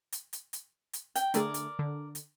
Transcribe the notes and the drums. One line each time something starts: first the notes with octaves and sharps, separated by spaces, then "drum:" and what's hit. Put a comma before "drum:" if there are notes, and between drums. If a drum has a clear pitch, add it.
drum: hi-hat
drum: hi-hat
drum: hi-hat
drum: hi-hat
G5, drum: hi-hat
D3 A3 G#4 A#4 D5, drum: hi-hat
drum: hi-hat
D3
drum: hi-hat